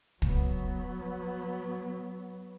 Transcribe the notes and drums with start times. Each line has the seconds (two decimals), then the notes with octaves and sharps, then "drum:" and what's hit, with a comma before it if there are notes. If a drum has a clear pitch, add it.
0.22 F#3 B3, drum: kick